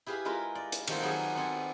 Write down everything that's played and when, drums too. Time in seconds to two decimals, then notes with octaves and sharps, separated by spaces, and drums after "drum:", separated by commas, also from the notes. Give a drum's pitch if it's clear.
0.06 E4 G4 G#4 B4 F5
0.25 G#3 E4 F4 A#4 B4
0.55 D5
0.72 drum: hi-hat
0.87 D#3 F3 F#3 A3 A#3 C4, drum: cymbal
1.02 D#3 F#3 B3 D#4 G#4
1.36 B3 C4 A4 G#5